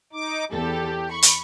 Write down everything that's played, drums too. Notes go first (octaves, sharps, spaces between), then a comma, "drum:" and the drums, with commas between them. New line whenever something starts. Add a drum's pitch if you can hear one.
D#4 D6
E2 G4 A4
B5 C#6
drum: hi-hat